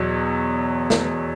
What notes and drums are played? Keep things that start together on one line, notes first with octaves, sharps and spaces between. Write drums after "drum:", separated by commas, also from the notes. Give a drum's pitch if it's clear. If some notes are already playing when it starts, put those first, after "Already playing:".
Already playing: E2 B2 F#3
drum: snare